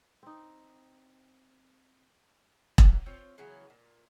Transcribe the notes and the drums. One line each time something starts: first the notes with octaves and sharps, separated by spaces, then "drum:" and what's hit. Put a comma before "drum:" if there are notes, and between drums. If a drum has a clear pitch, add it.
C4 D#4
E3 F#3 G4 A#4, drum: kick E1
C4 F4 C#5 G5
C#3 E3 F#3 B3
A#2